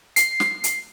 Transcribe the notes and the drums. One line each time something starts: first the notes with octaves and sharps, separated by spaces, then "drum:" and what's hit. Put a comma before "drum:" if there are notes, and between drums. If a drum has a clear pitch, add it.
C7, drum: hi-hat
drum: snare
drum: hi-hat